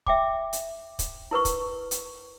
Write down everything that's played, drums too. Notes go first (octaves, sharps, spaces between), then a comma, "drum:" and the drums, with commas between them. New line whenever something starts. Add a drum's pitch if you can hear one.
E5 G5 D6, drum: kick
drum: hi-hat
drum: kick, hi-hat
E4 A#4 B4 C#6
drum: kick, hi-hat
drum: hi-hat